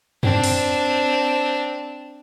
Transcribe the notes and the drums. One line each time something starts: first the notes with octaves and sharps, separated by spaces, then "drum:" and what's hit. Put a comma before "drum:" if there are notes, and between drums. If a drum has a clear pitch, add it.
C4 D4, drum: tom F2
drum: open hi-hat